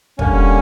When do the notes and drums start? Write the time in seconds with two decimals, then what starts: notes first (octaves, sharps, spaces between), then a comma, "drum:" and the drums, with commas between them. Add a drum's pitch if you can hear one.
0.19 D3 G3 A#3 C#4, drum: kick